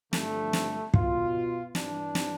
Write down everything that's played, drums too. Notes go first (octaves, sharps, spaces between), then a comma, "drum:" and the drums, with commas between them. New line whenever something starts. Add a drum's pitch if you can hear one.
G2 D3 F3 A3, drum: snare
drum: snare
B2 F4, drum: kick
G2 E3 D4, drum: snare
drum: snare